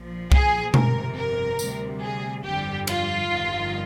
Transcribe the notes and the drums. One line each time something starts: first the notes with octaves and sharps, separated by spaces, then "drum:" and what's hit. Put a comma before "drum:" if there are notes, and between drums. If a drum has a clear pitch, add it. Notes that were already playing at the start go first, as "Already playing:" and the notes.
Already playing: A#1 A#2 F3
G#4, drum: kick C2
G1 F2 C3 A#4, drum: tom B2
A#4
D2 C3 G3, drum: tambourine
G#4
G1 F2 D3 G3 G4
F4, drum: cymbal
G1 F2 D#3 G3